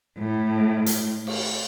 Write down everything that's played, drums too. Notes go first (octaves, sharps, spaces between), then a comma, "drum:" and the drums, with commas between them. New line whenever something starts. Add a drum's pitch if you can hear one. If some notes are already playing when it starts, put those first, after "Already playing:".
A2
drum: hi-hat
drum: cymbal